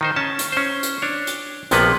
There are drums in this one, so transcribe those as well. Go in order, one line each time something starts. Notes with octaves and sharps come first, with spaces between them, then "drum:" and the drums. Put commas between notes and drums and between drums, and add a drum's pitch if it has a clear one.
D#3 D#4 C5
C#4 A5
drum: hi-hat
C#4 C5
drum: hi-hat
D4 C#5
drum: hi-hat
A#1 C3 F3 A#3 B3 B4, drum: hi-hat